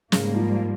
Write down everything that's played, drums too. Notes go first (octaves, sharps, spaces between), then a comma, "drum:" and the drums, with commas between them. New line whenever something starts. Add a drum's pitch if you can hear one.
G#2 C#3 G3 A#3, drum: snare
F3